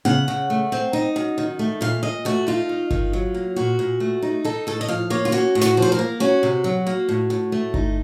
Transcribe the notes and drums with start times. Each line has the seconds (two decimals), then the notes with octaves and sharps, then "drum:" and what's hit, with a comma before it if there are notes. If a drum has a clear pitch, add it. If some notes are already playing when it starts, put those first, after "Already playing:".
0.05 C#3 F#5, drum: tom B3
0.28 C#3
0.50 A3
0.72 C4
0.93 D#4
1.16 F#2
1.38 D#3
1.59 A3
1.81 A#2 F5
2.03 A#2 D#5
2.25 A3 F#4
2.47 D#4 F4
2.69 D#3
2.91 D#3, drum: kick G1
3.13 F#3
3.34 A#3
3.56 A#2 F#4
3.79 A#2
4.00 A3
4.22 D#4
4.44 D#4 A4
4.67 A2 A4
4.81 D#5
4.88 F3 F5
5.10 A#3 C#5
5.25 F4
5.32 C#4 F#4
5.55 A2
5.61 F#4, drum: snare
5.77 F3
5.82 C5
5.92 A#4
5.99 A#3
6.20 C#4 F#4
6.43 C3
6.64 F#3
6.87 A#3
7.09 A2
7.30 A2
7.52 A3
7.74 D#4, drum: kick G1